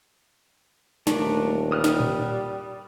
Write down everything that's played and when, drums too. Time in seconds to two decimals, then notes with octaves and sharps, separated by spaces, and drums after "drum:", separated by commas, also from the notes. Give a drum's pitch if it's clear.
1.07 D#1 A3 D4 A#4, drum: snare
1.72 G3 D#6 F6 F#6
1.84 drum: snare
2.00 drum: tom A2